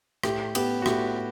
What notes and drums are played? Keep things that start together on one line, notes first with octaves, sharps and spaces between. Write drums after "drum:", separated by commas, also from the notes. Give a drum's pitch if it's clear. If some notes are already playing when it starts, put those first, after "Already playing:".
A2 G4, drum: rim click
B3 G4, drum: cymbal
F#4
A2 G4, drum: rim click